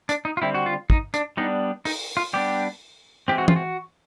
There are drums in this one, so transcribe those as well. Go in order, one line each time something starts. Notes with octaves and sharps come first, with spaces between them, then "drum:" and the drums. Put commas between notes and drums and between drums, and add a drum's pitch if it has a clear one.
D4, drum: hi-hat
D#4
F4
D3 G3 C4 E4
F#4
F4
D#4, drum: kick
D4, drum: hi-hat
G3 B3 D4 D#4
D#4, drum: open hi-hat
F4
G3 B3 D4 G4
E3 G#3 C4 G4
F#4
F4, drum: tom
F#4